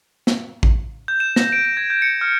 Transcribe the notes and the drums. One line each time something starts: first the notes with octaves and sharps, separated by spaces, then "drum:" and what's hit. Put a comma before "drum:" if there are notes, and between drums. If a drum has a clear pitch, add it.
drum: snare
drum: kick A1
G6
E7
A#6, drum: snare
D7
D7
G#6
G6
C#7
F6